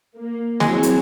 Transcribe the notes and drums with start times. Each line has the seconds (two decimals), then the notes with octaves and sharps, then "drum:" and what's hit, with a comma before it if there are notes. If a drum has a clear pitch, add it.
0.17 A#3
0.60 F#3 G#3 C4 E4 F#4 G#4 C#5, drum: snare
0.83 drum: hi-hat